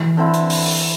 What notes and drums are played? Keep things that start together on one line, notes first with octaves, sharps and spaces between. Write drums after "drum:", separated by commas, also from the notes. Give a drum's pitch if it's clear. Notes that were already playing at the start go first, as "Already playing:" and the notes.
Already playing: E3
D3 C4 E4
drum: hi-hat
drum: open hi-hat
drum: open hi-hat